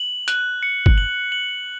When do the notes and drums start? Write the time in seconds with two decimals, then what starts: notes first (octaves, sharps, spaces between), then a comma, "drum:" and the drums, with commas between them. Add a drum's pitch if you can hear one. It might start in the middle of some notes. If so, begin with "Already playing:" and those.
Already playing: F#7
0.28 F#6, drum: hi-hat
0.63 C#7
0.86 drum: kick
0.98 F#7
1.32 F#7